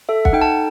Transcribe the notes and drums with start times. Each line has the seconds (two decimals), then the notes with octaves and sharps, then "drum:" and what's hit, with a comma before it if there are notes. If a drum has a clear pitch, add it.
0.09 A4 E5
0.25 F#5, drum: kick
0.33 D#4 G5
0.42 A5